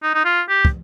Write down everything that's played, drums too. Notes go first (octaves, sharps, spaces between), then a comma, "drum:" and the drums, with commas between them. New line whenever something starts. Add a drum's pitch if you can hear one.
D#4
D#4
F4
G4
drum: kick